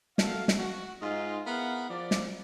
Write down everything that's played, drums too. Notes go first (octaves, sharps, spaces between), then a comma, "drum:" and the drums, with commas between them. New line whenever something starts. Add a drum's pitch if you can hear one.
A3 A#3 F#4 A4 F5, drum: snare
drum: snare
F#4
G#2 D#4 F4
B3 E4 G#4 A#4 F5 F#5
F3 D5
drum: snare